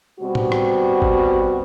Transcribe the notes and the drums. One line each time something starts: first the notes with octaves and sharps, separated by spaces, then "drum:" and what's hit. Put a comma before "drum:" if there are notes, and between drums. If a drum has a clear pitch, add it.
B2 G3 C4 F#4
drum: tom A2
drum: rim click
drum: kick G#1